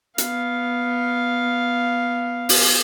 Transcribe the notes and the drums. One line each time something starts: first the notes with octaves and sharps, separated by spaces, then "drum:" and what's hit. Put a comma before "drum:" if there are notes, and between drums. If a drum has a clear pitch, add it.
B3 F5, drum: hi-hat
drum: open hi-hat